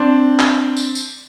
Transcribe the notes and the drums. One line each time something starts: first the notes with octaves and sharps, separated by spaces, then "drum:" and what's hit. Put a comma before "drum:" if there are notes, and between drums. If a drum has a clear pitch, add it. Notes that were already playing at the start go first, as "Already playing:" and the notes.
Already playing: C4 D4
drum: clap
drum: tambourine
drum: tambourine